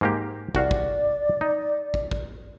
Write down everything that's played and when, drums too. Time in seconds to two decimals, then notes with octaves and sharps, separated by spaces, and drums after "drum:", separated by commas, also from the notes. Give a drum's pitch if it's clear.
0.01 G#2 A#3 G4
0.55 C2 F#4 D5 F5, drum: kick
0.71 drum: kick
1.41 D#4
1.94 drum: kick
2.11 drum: kick